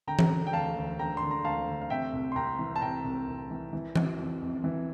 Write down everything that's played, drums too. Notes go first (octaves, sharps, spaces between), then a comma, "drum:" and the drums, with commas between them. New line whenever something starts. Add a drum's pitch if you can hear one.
D3 G5 A#5
drum: tom E3
D3
G5
D2 F5 A5
D2
D3 G5 A#5
D3 C6
A#5
D2 F5 A5
D2
F5
C3 E5 G5
C2
C6
C2 G5 A#5
E3
A5
C3 G5 A#5
C2
C2
E3
E3
E3, drum: tom E3
F2
F2
E3